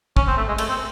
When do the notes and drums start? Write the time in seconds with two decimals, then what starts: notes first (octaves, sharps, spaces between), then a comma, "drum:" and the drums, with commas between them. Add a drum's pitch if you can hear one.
0.17 C#4, drum: kick
0.28 C4
0.37 A3
0.48 G#3
0.58 A3, drum: cymbal
0.69 C4